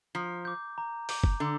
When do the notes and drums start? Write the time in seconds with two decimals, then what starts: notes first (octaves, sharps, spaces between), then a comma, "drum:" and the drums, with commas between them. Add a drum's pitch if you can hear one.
0.15 F3 A#5
0.45 D6 G6
0.78 A#5
1.09 D6 G6, drum: open hi-hat
1.24 drum: kick
1.40 D3 A#5